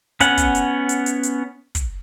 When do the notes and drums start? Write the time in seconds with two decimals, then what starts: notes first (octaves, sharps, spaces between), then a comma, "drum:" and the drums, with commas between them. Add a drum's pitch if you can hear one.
0.21 B3 C#4 F#5, drum: hi-hat
0.38 drum: kick, hi-hat
0.55 drum: hi-hat
0.89 drum: hi-hat
1.06 drum: hi-hat
1.23 drum: hi-hat
1.75 drum: kick, hi-hat